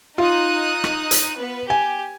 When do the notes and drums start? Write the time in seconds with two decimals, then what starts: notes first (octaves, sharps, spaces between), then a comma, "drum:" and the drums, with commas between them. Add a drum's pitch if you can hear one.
0.18 D#4 F4 D#6 F#6
0.84 drum: rim click
1.11 drum: hi-hat
1.38 B3 B4
1.70 G4 G#5